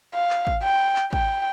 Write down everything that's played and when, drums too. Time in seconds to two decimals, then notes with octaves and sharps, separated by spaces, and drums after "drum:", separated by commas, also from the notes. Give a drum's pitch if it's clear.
0.14 F5
0.30 drum: clap
0.47 drum: kick
0.63 G5
0.96 drum: clap
1.13 G5, drum: kick